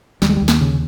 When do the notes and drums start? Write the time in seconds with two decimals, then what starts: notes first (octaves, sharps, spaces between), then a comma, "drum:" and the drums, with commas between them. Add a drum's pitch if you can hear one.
0.22 D#2 G3, drum: snare
0.29 G#3
0.37 G3
0.42 D#2
0.48 A#3, drum: snare
0.61 C#3